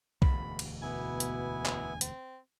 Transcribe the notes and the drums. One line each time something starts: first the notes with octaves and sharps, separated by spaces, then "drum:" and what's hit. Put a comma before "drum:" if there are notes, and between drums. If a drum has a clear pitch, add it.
E1 D2 G#2 B5, drum: kick B1
drum: cymbal
B2 B3 E4 G#5
drum: hi-hat
drum: clap
C4, drum: hi-hat